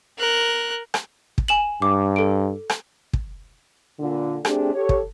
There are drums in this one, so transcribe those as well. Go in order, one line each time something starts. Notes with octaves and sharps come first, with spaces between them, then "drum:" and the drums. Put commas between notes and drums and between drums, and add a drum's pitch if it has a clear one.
A#4 F#6
drum: rim click
drum: kick
G#5 E7 F#7
G2 D6
A4 D7
drum: rim click
drum: kick
A#2 D3
A3 C4 D4 G4 G#4, drum: rim click
G4 A4 C#5
drum: kick